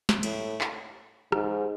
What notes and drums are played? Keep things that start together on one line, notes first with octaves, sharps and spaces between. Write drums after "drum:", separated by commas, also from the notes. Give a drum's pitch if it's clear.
drum: snare
A2, drum: cymbal
drum: clap
G#2, drum: rim click